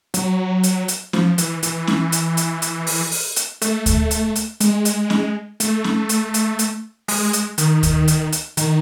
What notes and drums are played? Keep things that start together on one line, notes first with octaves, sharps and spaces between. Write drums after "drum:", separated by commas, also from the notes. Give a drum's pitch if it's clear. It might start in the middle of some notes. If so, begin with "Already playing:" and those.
F#3, drum: hi-hat
drum: hi-hat
drum: hi-hat
F3, drum: snare C#4
E3, drum: hi-hat
E3, drum: hi-hat
drum: snare C#4
drum: hi-hat
drum: hi-hat
drum: hi-hat
drum: open hi-hat
drum: open hi-hat
drum: hi-hat
A3, drum: hi-hat
drum: kick D2, hi-hat
drum: hi-hat
drum: hi-hat
G#3, drum: hi-hat
drum: hi-hat
drum: snare C#4
A3, drum: hi-hat
drum: snare C#4
drum: hi-hat
drum: hi-hat
drum: hi-hat
G#3, drum: open hi-hat
drum: hi-hat
D#3, drum: hi-hat
drum: kick D2, hi-hat
drum: hi-hat
drum: hi-hat
D#3, drum: hi-hat